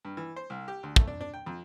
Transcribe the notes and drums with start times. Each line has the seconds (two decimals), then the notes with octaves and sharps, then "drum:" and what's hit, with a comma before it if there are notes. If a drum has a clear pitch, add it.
0.05 G2
0.17 E3
0.36 C5
0.50 C2
0.68 G4
0.83 D2
0.96 A3, drum: kick
1.07 D4
1.21 D4
1.34 G5
1.46 F2